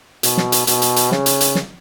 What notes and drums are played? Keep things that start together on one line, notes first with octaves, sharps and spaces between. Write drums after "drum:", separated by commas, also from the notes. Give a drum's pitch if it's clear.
B2, drum: hi-hat
drum: snare
drum: hi-hat
B2, drum: hi-hat
drum: hi-hat
drum: hi-hat
C#3, drum: snare
drum: hi-hat
drum: hi-hat
drum: snare